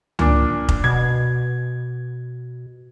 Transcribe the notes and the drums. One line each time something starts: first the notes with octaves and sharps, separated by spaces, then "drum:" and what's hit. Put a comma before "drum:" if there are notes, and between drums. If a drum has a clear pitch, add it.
A#2 D4, drum: tom C#2
drum: kick
B2 G#6